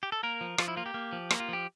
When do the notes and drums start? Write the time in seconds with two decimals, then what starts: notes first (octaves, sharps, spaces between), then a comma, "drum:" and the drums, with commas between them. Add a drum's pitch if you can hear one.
0.03 G4
0.12 A4
0.23 A#3 A#4
0.41 F3
0.58 F3 F4, drum: rim click
0.68 E4
0.76 A#3 F4
0.86 G4
0.94 A#3
1.12 F3
1.31 A#3, drum: rim click
1.40 F4
1.49 F3 G4